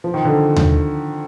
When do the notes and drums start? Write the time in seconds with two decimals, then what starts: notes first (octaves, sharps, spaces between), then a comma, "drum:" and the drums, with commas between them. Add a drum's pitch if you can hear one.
0.04 F3
0.14 D#3
0.24 D3 F3
0.56 drum: tom D#2